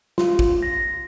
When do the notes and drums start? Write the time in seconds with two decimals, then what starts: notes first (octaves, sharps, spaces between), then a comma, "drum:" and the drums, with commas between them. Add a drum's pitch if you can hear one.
0.18 F4, drum: snare
0.39 drum: kick
0.63 A#6